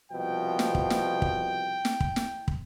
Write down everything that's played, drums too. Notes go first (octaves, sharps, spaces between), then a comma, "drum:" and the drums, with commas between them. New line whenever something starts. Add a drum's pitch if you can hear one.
C2 B2 F3 G5
drum: snare
drum: kick
drum: snare
drum: kick
drum: snare
drum: kick
drum: snare
drum: kick